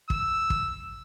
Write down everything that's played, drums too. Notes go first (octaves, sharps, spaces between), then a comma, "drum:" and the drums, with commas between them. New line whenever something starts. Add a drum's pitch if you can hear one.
E6, drum: kick
drum: kick